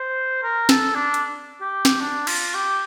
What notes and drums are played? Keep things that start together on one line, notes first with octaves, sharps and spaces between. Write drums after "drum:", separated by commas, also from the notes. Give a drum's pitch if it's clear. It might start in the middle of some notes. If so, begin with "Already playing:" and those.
Already playing: C5
A#4
A4, drum: snare
D4
drum: hi-hat
G4
drum: snare
D4
F4, drum: cymbal
G4